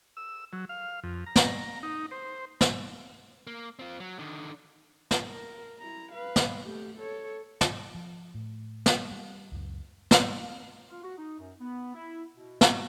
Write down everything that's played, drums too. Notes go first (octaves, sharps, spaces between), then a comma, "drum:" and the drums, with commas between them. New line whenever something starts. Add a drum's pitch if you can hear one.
E6
F#3
F5
F2
A#5
drum: snare
D#4
C5
drum: snare
A#3
C4 F4
F#3
D3 D#3
drum: snare
A#4
E4 A#5
B4 F5
drum: snare
A3 G4
A4 C#5
drum: snare
F3
A2
drum: snare
G3
C#2 F#2
drum: snare
F4
F#4
D#4
F#2
B3
E4
B2
F#4, drum: snare